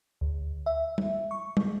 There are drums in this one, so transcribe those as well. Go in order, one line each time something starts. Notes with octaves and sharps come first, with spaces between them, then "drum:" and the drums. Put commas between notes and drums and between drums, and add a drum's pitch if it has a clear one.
D2
E5
drum: tom
C#6
G#3, drum: tom